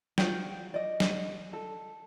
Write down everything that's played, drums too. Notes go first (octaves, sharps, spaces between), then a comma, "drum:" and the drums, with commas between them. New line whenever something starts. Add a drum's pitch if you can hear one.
F4 F#4 C#5 G5, drum: snare
D5 D#5
drum: snare
A4